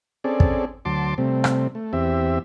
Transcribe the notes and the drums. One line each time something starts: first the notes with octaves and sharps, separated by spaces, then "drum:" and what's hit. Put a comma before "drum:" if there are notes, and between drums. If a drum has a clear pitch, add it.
C4 C#4 G#4 A4 D5
drum: kick
D2 F#3 A5 C6 D6
C3 G3 A3 C4
drum: rim click
A3
E2 C4 G4 E5